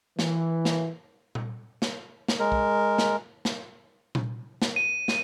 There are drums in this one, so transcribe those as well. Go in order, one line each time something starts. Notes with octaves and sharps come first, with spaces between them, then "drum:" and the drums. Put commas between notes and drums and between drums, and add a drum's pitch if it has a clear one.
E3, drum: snare
drum: snare
drum: tom A#2
drum: snare
drum: snare
G#3 A#4
drum: kick
drum: snare
drum: snare
drum: tom A#2
drum: snare
D#7
drum: snare